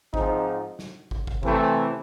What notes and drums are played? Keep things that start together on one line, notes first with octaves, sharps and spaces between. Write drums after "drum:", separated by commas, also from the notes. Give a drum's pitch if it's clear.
G#2 F3 G#3 C4 D#4, drum: kick
drum: snare
drum: kick
drum: kick
C3 E3 A3 C4, drum: kick